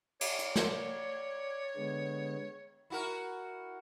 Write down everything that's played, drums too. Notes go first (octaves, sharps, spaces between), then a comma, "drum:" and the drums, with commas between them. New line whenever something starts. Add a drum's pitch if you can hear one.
C#5 D5, drum: cymbal
drum: hi-hat
drum: snare A#4
D3 G#3 B3
E4 F#4 A#4